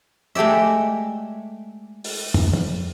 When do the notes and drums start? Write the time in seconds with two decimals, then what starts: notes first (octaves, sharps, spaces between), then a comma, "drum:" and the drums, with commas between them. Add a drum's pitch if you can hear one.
0.35 G#3 A3 G4 D5 E5
2.04 drum: open hi-hat
2.34 drum: tom
2.53 drum: tom